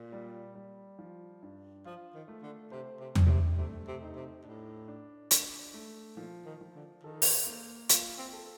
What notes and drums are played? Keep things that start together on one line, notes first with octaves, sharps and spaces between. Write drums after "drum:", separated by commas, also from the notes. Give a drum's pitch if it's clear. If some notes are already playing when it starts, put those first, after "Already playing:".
Already playing: A#2
G3
G3
F3
G2
F3 F4
D#3
A3
D3
C3 C5
C3
D4, drum: tom E2
A#2
C3
C3 A3
C3
D#4
C3
A2 D4
D4
D4, drum: hi-hat
A3
A#2 F3
D#3
F3
D3
D#3 A4
drum: open hi-hat
A#3
F4, drum: hi-hat
C4
A4